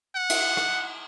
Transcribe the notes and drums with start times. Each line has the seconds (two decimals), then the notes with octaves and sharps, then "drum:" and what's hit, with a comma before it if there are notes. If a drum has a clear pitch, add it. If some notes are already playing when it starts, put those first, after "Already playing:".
0.15 F#5
0.30 drum: cymbal
0.57 drum: rim click